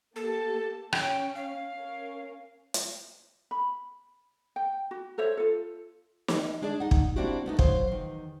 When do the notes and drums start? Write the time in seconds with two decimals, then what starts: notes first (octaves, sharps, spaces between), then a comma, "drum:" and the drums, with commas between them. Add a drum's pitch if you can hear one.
0.16 A#3 G4 A4 A5
0.93 C#4 G5, drum: rim click
1.35 F5
1.73 C#4 A#4
2.74 drum: hi-hat
3.51 B5
4.56 G5
4.91 F#4
5.18 A4 C5 C#5 E5
5.37 F4 A4
6.28 drum: snare
6.62 G#3 D4 G#4 D5 A5
6.80 D#4 F#5
6.91 drum: kick
7.16 A#3 C4 D4 E4 F#4 G4
7.46 A3 B3 D#4
7.59 F#3 C5 F5, drum: kick
7.87 E2 D#3